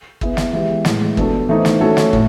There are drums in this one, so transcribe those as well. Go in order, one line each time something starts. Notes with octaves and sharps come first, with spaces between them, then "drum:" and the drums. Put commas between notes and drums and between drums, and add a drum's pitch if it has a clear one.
B3 E4 G#4, drum: kick
drum: snare
E3 G#3 B3 E4 G4
A2 E3 G#3, drum: snare
B3 D4 F#4 A4, drum: kick
E3 A3 C4 D#4
drum: snare
A3 C#4 F#4 A4 C#5
drum: snare
A2, drum: kick